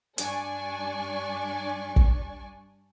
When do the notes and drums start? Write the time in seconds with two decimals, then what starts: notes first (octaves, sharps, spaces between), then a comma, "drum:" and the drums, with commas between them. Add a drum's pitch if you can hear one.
0.18 G2 D4 D5 G#5 C#6, drum: hi-hat
1.96 drum: kick